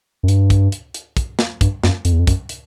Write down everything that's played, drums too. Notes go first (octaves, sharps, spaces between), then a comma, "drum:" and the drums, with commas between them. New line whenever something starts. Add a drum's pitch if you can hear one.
F#2
G2, drum: hi-hat
drum: kick, hi-hat
drum: hi-hat
drum: hi-hat
drum: kick, hi-hat
drum: snare
G2, drum: kick, hi-hat
F#2, drum: snare
F2, drum: hi-hat
E2
F2
F#2, drum: kick, hi-hat
drum: hi-hat